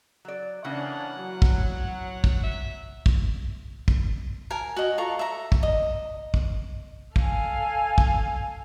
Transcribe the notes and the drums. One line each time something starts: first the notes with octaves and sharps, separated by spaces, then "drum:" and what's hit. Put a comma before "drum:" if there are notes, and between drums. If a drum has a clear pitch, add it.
F#3 D5
C#3 E3 A#3 C#4 D4 F#5
F#3
drum: kick
drum: kick
E5
drum: kick
drum: kick
A#4 G#5
F#4 D#5
F4 A4 A#5 C#6
E5 A#5
drum: kick
D#5
drum: kick
A4 F5 G#5, drum: kick
drum: kick